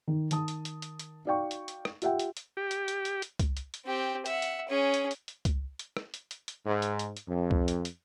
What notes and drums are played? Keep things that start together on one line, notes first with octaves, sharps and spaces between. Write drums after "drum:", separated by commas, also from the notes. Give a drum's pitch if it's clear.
D#3
D#3 A5 D#6, drum: hi-hat
drum: hi-hat
drum: hi-hat
drum: hi-hat
drum: hi-hat
D#4 F#4 D5 F5 G5 C#6
drum: hi-hat
drum: hi-hat
drum: rim click
F4 G4 E5 F#5 G5, drum: hi-hat
drum: hi-hat
drum: hi-hat
G4
drum: hi-hat
drum: hi-hat
drum: hi-hat
drum: hi-hat
drum: kick C#2, hi-hat
drum: hi-hat
drum: hi-hat
C4 G4
E5 F#5, drum: hi-hat
drum: hi-hat
C#4 G#4
drum: hi-hat
drum: hi-hat
drum: hi-hat
drum: kick C#2, hi-hat
drum: hi-hat
drum: rim click
drum: hi-hat
drum: hi-hat
drum: hi-hat
G#2
drum: hi-hat
drum: hi-hat
drum: hi-hat
F2
drum: kick C#2
drum: hi-hat
drum: hi-hat